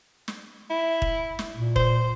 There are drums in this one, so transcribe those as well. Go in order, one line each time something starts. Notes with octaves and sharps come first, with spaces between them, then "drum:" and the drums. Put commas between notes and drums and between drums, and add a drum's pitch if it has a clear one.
drum: snare
E4
drum: kick E1
drum: snare
A#2
C5, drum: kick E1